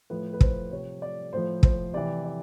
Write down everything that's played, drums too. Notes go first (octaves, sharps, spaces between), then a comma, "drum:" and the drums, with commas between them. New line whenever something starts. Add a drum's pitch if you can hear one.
A2 F3 B4
B4
C5, drum: kick
C3 F3 C#5
D5
A2 F3 C5
C5, drum: kick
C3 E3 D5
D5